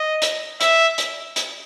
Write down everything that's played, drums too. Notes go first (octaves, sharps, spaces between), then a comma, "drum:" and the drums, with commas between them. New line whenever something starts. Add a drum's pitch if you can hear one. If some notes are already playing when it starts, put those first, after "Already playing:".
Already playing: D#5
drum: hi-hat
E5, drum: hi-hat
drum: hi-hat
drum: hi-hat